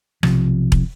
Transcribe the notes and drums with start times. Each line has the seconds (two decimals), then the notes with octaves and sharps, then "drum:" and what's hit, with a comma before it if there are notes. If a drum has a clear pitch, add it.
0.23 B1 C3 F3, drum: rim click
0.72 drum: kick E1